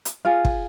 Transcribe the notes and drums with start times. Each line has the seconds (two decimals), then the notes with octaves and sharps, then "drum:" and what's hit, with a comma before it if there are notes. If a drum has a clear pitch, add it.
0.05 drum: hi-hat
0.25 F4 G#4 F5
0.45 drum: kick